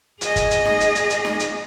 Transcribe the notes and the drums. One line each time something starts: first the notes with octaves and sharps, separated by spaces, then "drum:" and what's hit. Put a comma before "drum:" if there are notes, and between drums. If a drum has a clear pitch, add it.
G#4 D#5, drum: hi-hat
drum: kick, hi-hat
drum: hi-hat
drum: snare D#4
drum: hi-hat
drum: hi-hat
drum: hi-hat
drum: snare D#4
drum: hi-hat